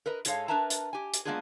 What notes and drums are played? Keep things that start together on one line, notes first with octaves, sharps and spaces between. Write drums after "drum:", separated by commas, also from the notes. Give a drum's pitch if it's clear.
A#4 B4 D#5
G#2 G#3 D#4 A4 C#5 F5, drum: hi-hat
D4 A#4 B4 E5 A5 A#5
drum: hi-hat
G4 G#5
drum: hi-hat
G#3 A#3 B3 D4 F4 G#4